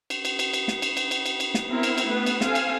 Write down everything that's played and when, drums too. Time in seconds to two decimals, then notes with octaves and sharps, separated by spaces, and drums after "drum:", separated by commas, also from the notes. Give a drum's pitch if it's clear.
0.10 drum: cymbal
0.25 drum: cymbal
0.39 drum: cymbal
0.54 drum: cymbal
0.68 drum: snare
0.82 drum: cymbal
0.97 drum: cymbal
1.11 drum: cymbal
1.26 drum: cymbal
1.40 drum: cymbal
1.54 drum: snare
1.68 B3 C4 E4 A#4
1.83 drum: cymbal
1.98 drum: cymbal
2.09 A3 B3 B4
2.26 drum: cymbal
2.41 C4 A4 F5 G#5, drum: snare
2.55 drum: cymbal